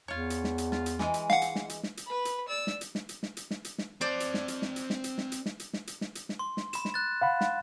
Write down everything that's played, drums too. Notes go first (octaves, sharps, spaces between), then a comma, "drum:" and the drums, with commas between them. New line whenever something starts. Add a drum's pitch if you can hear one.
E2 F4 C#5
drum: hi-hat
drum: snare
drum: hi-hat
F4, drum: snare
drum: hi-hat
E3 G#3, drum: snare
drum: hi-hat
F5 F#5, drum: snare
drum: hi-hat
drum: snare
drum: hi-hat
drum: snare
drum: hi-hat
B4 B5
drum: hi-hat
D5 E6
drum: snare
drum: hi-hat
drum: snare
drum: hi-hat
drum: snare
drum: hi-hat
drum: snare
drum: hi-hat
drum: snare
C4 C5 D5 A5
drum: hi-hat
drum: snare
drum: hi-hat
drum: snare
drum: hi-hat
drum: snare
drum: hi-hat
drum: snare
drum: hi-hat
drum: snare
drum: hi-hat
drum: snare
drum: hi-hat
drum: snare
drum: hi-hat
drum: snare
C6
drum: snare
B5 E7, drum: hi-hat
drum: snare
F#6 A6
F5 F#5 B5
drum: snare